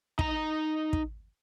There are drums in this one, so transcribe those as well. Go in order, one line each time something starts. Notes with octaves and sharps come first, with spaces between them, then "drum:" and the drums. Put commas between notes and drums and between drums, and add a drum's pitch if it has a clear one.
D#4 A#5, drum: kick
drum: kick